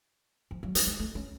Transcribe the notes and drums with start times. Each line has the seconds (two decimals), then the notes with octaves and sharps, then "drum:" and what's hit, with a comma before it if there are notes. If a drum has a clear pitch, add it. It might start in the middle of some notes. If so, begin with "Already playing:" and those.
0.51 F3
0.63 F#3
0.75 G3, drum: hi-hat
0.87 G#3
1.00 A3
1.15 C#4